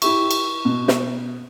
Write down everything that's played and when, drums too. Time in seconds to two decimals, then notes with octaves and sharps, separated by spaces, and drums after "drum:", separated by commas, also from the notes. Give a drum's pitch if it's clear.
0.02 E4 G4 E5 C#6, drum: cymbal
0.31 drum: cymbal
0.65 B2
0.88 drum: snare